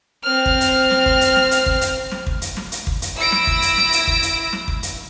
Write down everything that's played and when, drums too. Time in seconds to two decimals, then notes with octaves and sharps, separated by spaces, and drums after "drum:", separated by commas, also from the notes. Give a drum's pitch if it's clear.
0.24 C4 F6
0.46 drum: kick
0.61 drum: hi-hat
0.91 drum: snare
1.06 drum: kick
1.21 drum: hi-hat
1.36 drum: snare
1.51 drum: hi-hat
1.66 drum: kick
1.81 drum: hi-hat
2.11 drum: snare
2.26 drum: kick
2.42 drum: hi-hat
2.57 drum: snare
2.72 drum: hi-hat
2.87 drum: kick
3.02 drum: hi-hat
3.17 E4 E6 A#6 D7
3.32 drum: snare
3.47 drum: kick
3.62 drum: hi-hat
3.77 drum: snare
3.92 drum: hi-hat
4.07 drum: kick
4.22 drum: hi-hat
4.53 drum: snare
4.68 drum: kick
4.83 drum: hi-hat